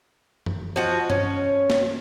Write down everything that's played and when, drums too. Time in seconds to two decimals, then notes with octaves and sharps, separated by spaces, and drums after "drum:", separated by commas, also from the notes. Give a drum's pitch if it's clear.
0.46 drum: tom F#2
0.76 F3 F#4 D#5
1.10 C#4, drum: tom G2
1.70 drum: snare